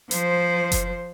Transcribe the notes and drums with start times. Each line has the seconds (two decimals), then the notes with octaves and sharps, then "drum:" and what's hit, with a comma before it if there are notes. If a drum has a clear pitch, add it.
0.11 F3 C5, drum: hi-hat
0.72 drum: kick F#1, hi-hat